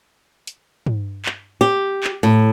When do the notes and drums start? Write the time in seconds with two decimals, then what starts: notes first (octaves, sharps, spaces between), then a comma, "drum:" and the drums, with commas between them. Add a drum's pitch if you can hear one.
0.47 drum: hi-hat
0.86 drum: tom
1.26 drum: clap
1.61 G4
2.04 drum: clap
2.23 A2